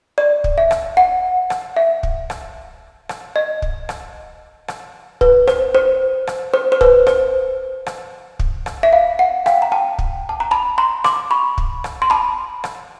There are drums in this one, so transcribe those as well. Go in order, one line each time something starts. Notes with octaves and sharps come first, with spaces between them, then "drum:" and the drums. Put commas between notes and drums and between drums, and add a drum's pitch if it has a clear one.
D5
drum: kick
E5
drum: rim click
F#5
drum: rim click
E5
drum: kick
drum: rim click
drum: rim click
D#5
drum: kick
drum: rim click
drum: rim click
B4, drum: kick
C5, drum: rim click
C5
drum: rim click
C5
C5
B4, drum: kick
C5, drum: rim click
drum: rim click
drum: kick
drum: rim click
E5
F5
F#5
F5 G5, drum: rim click
A#5
G5 A5
drum: kick
A5
A#5
A5 B5
A#5 C6
C6 D6, drum: rim click
B5 C#6
drum: kick
drum: rim click
C6
A5 B5
drum: rim click